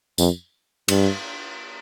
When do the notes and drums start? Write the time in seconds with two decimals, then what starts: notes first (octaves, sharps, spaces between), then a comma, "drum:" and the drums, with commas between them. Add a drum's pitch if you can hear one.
0.18 F2, drum: tambourine
0.88 G2, drum: cymbal